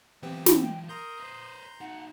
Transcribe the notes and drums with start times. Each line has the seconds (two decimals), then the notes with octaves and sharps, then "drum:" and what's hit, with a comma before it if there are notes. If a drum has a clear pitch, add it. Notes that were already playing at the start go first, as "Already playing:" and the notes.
0.23 E3 F#3 B3 C4 G4
0.46 drum: snare
0.63 G5
0.89 A#4 A#5 C6 D#6 G6
1.20 B4 C5
1.81 D#4 F#4 F#5